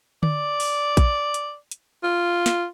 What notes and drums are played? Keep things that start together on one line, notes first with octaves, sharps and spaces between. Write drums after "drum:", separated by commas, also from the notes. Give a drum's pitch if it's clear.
D5, drum: tom D3
drum: open hi-hat
drum: kick A#1, hi-hat
drum: hi-hat
drum: hi-hat
F4
drum: snare